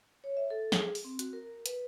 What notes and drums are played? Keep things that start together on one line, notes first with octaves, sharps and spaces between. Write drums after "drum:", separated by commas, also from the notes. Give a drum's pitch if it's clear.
C#5
E5
A4
G#4, drum: snare
drum: open hi-hat
C4
F#4, drum: hi-hat
A#4
B4, drum: hi-hat